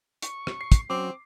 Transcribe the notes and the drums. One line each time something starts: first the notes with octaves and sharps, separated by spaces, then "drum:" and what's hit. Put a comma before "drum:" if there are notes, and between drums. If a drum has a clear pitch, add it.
C#6, drum: hi-hat
drum: rim click
C7
drum: kick, hi-hat
F#3 C4 C#4 D6